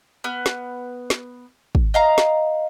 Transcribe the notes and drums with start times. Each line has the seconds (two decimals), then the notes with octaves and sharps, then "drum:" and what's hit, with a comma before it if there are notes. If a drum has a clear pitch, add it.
0.24 B3 F6
0.46 drum: snare
1.10 drum: snare
1.75 drum: kick
1.94 D#5 F5 A#5
2.18 drum: snare